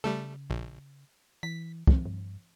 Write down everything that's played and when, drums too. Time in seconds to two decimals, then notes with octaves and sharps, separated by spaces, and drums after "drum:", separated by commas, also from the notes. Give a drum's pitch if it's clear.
0.04 C#3 G3 A3 A4
0.50 A#1
1.43 E3 B6
1.87 drum: kick
2.05 G2